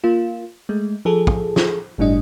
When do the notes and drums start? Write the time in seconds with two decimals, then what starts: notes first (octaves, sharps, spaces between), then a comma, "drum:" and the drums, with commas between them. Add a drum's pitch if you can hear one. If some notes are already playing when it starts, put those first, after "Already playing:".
0.04 A#3 F4
0.69 G#3 A3
1.05 F3 G#4 A4
1.27 drum: kick
1.56 drum: snare
1.98 G1 A2 G3 D4 D#5